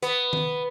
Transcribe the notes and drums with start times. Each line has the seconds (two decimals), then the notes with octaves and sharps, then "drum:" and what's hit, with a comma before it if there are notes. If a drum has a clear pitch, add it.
0.02 B3, drum: hi-hat
0.33 drum: tom D#3